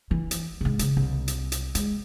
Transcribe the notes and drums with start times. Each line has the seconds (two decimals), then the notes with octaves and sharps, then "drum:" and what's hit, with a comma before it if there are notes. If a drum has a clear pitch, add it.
0.11 E3
0.31 drum: hi-hat
0.61 G#2 C3
0.79 C#3, drum: hi-hat
0.97 C2
1.28 drum: hi-hat
1.52 drum: hi-hat
1.75 G#3, drum: hi-hat